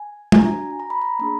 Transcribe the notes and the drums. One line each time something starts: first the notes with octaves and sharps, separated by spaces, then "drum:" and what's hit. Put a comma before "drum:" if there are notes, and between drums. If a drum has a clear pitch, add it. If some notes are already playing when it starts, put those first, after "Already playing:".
Already playing: G#5
G#5, drum: tom
D4 F#4 A#5
A#5
B5
A#5
A#3 D4 G#4 B5